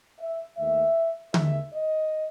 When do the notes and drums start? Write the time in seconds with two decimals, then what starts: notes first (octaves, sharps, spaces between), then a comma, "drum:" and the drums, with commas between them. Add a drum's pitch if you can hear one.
0.20 E5
0.58 D#2 D#3 A3 E5
1.34 D#2 D#3 G#3 E5, drum: tom D3
1.73 D#5